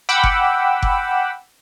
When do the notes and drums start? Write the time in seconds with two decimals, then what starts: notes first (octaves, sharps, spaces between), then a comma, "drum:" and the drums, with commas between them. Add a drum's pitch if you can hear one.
0.09 F#5 G5 B5 D6 E6
0.24 drum: kick F#1
0.83 drum: kick F#1